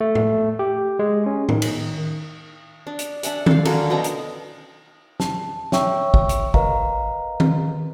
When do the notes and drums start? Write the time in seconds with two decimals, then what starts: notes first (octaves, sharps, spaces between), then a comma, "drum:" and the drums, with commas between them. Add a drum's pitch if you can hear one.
0.01 A3
0.15 drum: tom A2
0.59 G4
0.99 G#3
1.26 C#4
1.49 D#3, drum: tom A2
1.62 drum: cymbal
2.87 D4
2.99 drum: hi-hat
3.23 D4 E5 F#5 G#5, drum: hi-hat
3.46 A4 F5, drum: tom D#3
3.65 D3 F#3 A#3 C#4, drum: cymbal
3.90 B2 D#5 G5 A#5
4.04 drum: hi-hat
5.20 A5, drum: snare
5.72 C#5 E5 G5 C#6 E6, drum: snare
6.14 drum: kick
6.29 drum: hi-hat
6.54 A#4 B4 D#5 F5 A#5, drum: kick
7.40 drum: tom D#3